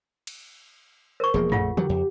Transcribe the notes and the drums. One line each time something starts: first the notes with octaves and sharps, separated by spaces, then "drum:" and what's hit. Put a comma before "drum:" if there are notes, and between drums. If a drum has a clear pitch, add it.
drum: cymbal
A#4 C5 C#6
E1 F3 A#3 G#4
A#1 A3 F4 F#5, drum: tom
D#3 F#3 G4, drum: tom
F2